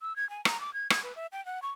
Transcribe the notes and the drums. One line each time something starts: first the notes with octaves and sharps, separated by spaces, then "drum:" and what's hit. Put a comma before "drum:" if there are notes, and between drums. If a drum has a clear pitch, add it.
E6
G#6
G#5
A#5, drum: rim click
D6
G#6
G#6, drum: rim click
B4
E5
G5
F#5
C#6